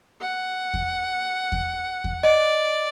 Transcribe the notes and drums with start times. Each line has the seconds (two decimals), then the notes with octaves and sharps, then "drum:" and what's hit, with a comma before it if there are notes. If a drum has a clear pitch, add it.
0.21 F#5
0.74 drum: kick E2
1.52 drum: kick E2
2.04 drum: kick E2
2.23 D5 D#5